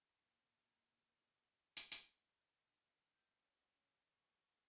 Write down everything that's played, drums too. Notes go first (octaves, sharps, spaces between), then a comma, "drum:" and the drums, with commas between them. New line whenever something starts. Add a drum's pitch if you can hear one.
A#2 A#3
drum: hi-hat
drum: hi-hat
G5
C#4 F#5
C#4
C#6